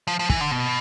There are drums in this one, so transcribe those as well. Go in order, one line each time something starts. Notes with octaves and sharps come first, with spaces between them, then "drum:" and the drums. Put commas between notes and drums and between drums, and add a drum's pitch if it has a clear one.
F3
F3
E3, drum: kick
D3
B2